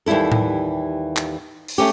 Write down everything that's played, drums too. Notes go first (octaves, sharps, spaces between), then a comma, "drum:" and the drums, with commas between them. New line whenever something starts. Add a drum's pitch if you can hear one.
D#2 E3 G3 E4 A4
drum: tom A2
drum: clap
drum: open hi-hat
A3 C#4 G4